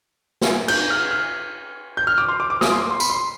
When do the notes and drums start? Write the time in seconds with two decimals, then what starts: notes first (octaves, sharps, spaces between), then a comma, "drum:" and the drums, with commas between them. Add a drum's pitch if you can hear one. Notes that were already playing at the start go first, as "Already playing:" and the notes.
0.41 drum: snare
0.68 G6, drum: cymbal
0.90 F6
1.11 F6
1.97 G6
2.07 F6
2.18 D6
2.28 C6
2.40 D6
2.50 D6
2.61 D#6, drum: snare
2.72 C6
2.82 D6
2.91 C6
3.00 B5, drum: tambourine
3.10 C6